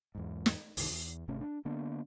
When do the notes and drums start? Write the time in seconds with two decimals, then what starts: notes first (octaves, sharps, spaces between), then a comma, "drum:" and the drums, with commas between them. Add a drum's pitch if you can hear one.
0.15 E2 G#2
0.46 drum: snare
0.77 C2 G2 D#3, drum: open hi-hat
0.90 E2
1.28 G#1 C3 A3 C#4
1.41 D4
1.65 D3 A#3 B3 D4